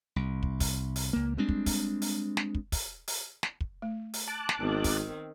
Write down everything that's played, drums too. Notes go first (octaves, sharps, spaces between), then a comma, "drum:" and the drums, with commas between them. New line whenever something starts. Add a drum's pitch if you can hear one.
C2
drum: kick
drum: kick, open hi-hat
drum: open hi-hat
C#2 A#3
G3 G#3 C4 D4
drum: kick
drum: kick, open hi-hat
drum: open hi-hat
drum: snare
drum: kick
drum: kick, open hi-hat
drum: open hi-hat
drum: snare
drum: kick
A3
drum: open hi-hat
A5 D6 F#6
drum: snare
G#1 D#3 B3 C4
drum: kick, open hi-hat